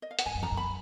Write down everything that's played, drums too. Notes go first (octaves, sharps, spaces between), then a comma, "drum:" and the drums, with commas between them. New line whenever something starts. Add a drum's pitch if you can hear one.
D#5
F5
F#5, drum: hi-hat
G#2 G#5
F#2
F2 A#5
F#2
B5